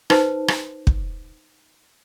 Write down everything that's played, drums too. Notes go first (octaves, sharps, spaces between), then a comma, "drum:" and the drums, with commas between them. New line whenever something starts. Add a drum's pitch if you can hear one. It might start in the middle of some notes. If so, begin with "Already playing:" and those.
D#4 B4 C5 A5, drum: rim click
drum: rim click
drum: kick